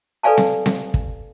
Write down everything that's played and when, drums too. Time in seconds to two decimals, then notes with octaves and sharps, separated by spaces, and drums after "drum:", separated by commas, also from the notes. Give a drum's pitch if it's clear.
0.23 A4 B4 D5 F5 G#5 A5
0.38 drum: snare C4
0.66 drum: snare C4
0.94 drum: kick